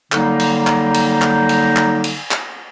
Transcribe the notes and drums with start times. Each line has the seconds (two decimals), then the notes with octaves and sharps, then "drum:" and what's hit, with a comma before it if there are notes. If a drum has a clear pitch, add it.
0.12 D3 F#3 G3 A#3 D#4, drum: clap
0.40 drum: cymbal
0.67 drum: clap
0.94 drum: cymbal
1.22 drum: clap
1.49 drum: cymbal
1.76 drum: clap
2.04 drum: cymbal
2.31 drum: clap